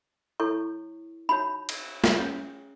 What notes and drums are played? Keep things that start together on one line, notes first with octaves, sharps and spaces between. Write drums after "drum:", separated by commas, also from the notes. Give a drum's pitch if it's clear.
E4 A4 C#5 C#6
D#4 F#4 C#5 B5
drum: cymbal
drum: snare
C#4 G#4 C#5